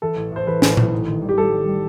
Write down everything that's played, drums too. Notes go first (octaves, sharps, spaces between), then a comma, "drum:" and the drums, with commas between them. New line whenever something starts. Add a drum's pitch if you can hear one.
E3 A4
A1
A2 C5
E3 B4
A1, drum: snare
E3, drum: tom A#2
D#4
D#3
G3
G4
G3 A4
G3
G3